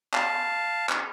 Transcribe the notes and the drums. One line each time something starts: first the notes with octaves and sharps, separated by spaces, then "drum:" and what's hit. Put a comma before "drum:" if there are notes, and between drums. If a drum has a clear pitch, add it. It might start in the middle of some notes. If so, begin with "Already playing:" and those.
F5 A5, drum: clap
drum: clap